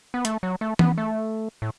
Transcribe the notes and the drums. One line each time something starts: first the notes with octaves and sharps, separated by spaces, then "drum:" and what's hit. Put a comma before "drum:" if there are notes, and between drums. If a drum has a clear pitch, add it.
B3
A3, drum: hi-hat
F#3
A3
B3, drum: tom E3
A3
A2